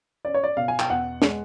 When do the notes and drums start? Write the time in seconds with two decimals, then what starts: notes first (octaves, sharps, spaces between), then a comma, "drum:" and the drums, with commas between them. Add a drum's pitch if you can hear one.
0.25 C#4 D5
0.34 C#5
0.44 D5
0.57 B2 F5
0.68 G#5
0.79 G5, drum: clap
0.90 E2 F#5
1.22 G#3, drum: snare